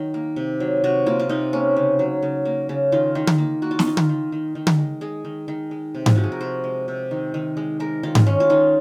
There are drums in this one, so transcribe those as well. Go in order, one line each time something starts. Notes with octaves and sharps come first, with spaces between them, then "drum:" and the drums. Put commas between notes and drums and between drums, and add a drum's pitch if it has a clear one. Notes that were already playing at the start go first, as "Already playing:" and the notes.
Already playing: D#3 F#3
A#3
C3
F#3
C3 F#4
A#3 F4
F4
C3 D#4
A#3 C#4
C#3
F#3
C#3
A#3
C#3
D#3 F4
D#3
drum: tom D3
A#3
A#3 F#4
F4
D#4, drum: snare
D#3 F4
drum: tom D3
D#3
D#3
D#3
drum: tom D3
G#3
G#3 G#4
D#3
D#3
G#3
C3
drum: tom G#2
F3 F#4
G#4
A#4
C3 C5
G#3
C3
D#3
D#3
G#3
G#3 A#4
D#3 F4
drum: tom G#2
D#3 C#4
F4
D#3 D#4